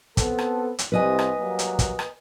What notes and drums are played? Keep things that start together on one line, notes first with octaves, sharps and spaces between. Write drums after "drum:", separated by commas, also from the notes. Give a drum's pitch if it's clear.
B3 C4 A4, drum: kick, hi-hat
drum: rim click
drum: hi-hat
C2 B4 D#5 G#5
drum: rim click
F#3 G3 A#3
drum: hi-hat
drum: kick, hi-hat
drum: rim click